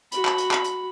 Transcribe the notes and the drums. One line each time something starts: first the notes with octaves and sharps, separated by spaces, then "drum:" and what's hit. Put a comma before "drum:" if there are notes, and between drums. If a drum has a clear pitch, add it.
F#4 B5, drum: hi-hat
drum: clap
drum: hi-hat
drum: clap
drum: hi-hat